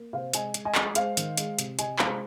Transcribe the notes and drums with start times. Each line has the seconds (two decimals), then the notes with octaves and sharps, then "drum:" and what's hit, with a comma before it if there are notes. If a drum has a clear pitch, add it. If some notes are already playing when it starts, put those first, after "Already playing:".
Already playing: A#3
0.13 C3 C5 F5
0.34 G#3 D#5 G#5, drum: hi-hat
0.54 G#3, drum: hi-hat
0.65 D#5 G#5
0.75 G#3, drum: clap
0.95 G#3 C5 F5, drum: hi-hat
1.17 D#3, drum: hi-hat
1.37 G#3, drum: hi-hat
1.59 C3, drum: hi-hat
1.79 C3 D#5 G#5, drum: hi-hat
1.99 G#3 C5 F5, drum: clap